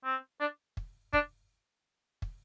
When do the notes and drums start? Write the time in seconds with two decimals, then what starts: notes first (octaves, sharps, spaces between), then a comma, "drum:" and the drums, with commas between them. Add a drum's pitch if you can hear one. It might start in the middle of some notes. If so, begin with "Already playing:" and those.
0.04 C4
0.40 D4
0.77 drum: kick
1.13 D4, drum: kick
2.22 drum: kick